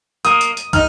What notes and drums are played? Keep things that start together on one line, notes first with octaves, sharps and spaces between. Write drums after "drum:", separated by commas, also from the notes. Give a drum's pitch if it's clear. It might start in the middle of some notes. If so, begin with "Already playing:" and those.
A#3 D#6, drum: hi-hat
drum: hi-hat
drum: hi-hat
D#4 F6, drum: kick, hi-hat